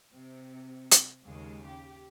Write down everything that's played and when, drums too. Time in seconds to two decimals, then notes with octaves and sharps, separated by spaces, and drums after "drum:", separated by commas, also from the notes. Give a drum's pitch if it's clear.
0.12 C3
0.91 drum: hi-hat
1.24 D#2 C#3 G#3
1.67 G4